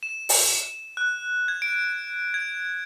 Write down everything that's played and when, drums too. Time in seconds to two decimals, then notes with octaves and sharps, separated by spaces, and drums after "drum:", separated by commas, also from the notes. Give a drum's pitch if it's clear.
0.03 E7
0.29 drum: open hi-hat
0.97 F#6
1.48 G#6
1.62 D7
2.34 G#6